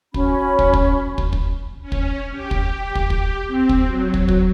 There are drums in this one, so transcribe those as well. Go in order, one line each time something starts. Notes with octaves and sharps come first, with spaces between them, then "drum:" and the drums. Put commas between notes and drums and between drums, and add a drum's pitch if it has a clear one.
C#4 F#4 B5, drum: kick
drum: kick
drum: kick
drum: kick
drum: kick
C#4
drum: kick
G4
drum: kick
drum: kick
drum: kick
C4
drum: kick
F#3
drum: kick
drum: kick